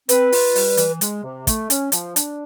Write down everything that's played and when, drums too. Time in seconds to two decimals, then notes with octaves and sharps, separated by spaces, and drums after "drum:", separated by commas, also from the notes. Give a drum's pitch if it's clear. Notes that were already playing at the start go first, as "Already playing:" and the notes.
0.09 C4 B4, drum: hi-hat
0.32 F4, drum: open hi-hat
0.55 G3, drum: open hi-hat
0.77 E3, drum: hi-hat
1.01 G#3, drum: hi-hat
1.24 C3
1.47 A3, drum: kick, hi-hat
1.70 C#4, drum: hi-hat
1.92 F3, drum: hi-hat
2.16 D4, drum: hi-hat